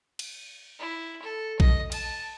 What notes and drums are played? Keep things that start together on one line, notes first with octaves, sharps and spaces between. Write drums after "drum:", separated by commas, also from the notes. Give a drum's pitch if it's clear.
drum: cymbal
E4
A4
D#5, drum: kick A#1
A5, drum: cymbal